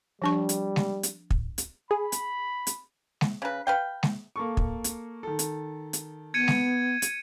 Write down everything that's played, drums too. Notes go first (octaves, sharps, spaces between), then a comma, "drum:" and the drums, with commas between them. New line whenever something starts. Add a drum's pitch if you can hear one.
F3 G3 D4 C#6
drum: hi-hat
drum: snare G#3
drum: hi-hat
drum: kick
drum: hi-hat
G#4 B5
drum: hi-hat
drum: hi-hat
drum: snare G#3
C#3 B4
B4 F5 G5
drum: snare G#3
A#3 A4 C#6
drum: kick
drum: hi-hat
D#3 A4
drum: hi-hat
drum: hi-hat
B3 G#6 C#7 D#7
drum: snare G#3
drum: hi-hat